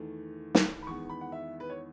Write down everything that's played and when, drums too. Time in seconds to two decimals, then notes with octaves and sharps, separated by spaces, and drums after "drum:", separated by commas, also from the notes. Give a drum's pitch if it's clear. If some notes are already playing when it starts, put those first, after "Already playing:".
Already playing: E2 D#3 A3
0.55 drum: snare
0.82 B5
0.87 E2 D#3 G#3 B3 C#6
1.09 B5
1.21 F#5
1.32 E5
1.60 B4
1.70 C#5